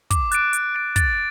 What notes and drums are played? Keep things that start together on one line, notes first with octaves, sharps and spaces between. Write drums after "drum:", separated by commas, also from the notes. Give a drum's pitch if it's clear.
D6, drum: kick, hi-hat
F#6 A6 D7, drum: hi-hat
D6, drum: hi-hat
F#6 A6 D7
A6, drum: kick, hi-hat